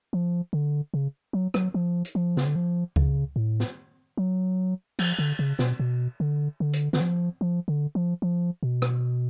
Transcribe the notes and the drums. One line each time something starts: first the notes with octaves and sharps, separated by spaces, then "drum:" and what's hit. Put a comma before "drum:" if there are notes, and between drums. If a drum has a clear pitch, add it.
F3
D3
C#3
F#3
F#3, drum: rim click
F3
drum: hi-hat
F3
C#3, drum: snare
D3
F3
C#3, drum: kick C#2
A2
drum: snare
F#3
F3, drum: cymbal
D3
C#3
B2, drum: snare
B2
D3
D3
drum: hi-hat
D3, drum: snare
F3
F3
D3
F3
F3
B2
drum: rim click